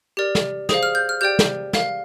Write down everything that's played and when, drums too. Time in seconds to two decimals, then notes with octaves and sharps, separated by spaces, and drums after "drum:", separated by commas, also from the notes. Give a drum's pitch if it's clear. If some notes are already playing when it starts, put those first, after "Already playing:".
0.17 G4 A#4 D5
0.35 drum: snare
0.69 G#4 C5 F5 D#6, drum: snare
0.83 F6
0.95 G6
1.09 F6
1.21 G4 D5 G5 G6
1.39 drum: snare
1.73 A#4 F5, drum: snare